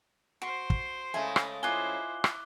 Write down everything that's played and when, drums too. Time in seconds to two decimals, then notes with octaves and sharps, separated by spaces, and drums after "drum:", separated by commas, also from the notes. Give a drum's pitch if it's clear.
0.42 F#4 C5 C6 D7
0.70 drum: kick
1.14 C#3 G#3 A3 E4 G#5
1.36 drum: rim click
1.63 E4 F4 C5 D#5 G#5 D6 F#6 G7
2.24 drum: rim click